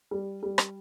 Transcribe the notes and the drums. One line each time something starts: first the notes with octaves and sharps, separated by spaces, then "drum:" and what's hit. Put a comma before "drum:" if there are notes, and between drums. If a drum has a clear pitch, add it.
G3
G3
drum: rim click